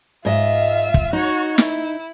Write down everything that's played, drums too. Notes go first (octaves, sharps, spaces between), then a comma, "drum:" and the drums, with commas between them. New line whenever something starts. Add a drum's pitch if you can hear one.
G#2 F4 D#5 E5
drum: kick
D#4 F#4 C#5
E4, drum: snare